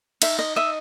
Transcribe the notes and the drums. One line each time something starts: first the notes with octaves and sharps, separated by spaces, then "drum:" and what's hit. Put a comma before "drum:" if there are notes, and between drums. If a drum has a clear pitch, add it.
D#4 E5, drum: cymbal
D#5
D#5 E5